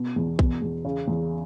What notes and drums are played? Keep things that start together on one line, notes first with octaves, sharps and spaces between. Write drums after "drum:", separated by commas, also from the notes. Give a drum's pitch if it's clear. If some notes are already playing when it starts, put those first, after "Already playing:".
Already playing: B2
E2
B2, drum: kick A#1
E2
C#3
E2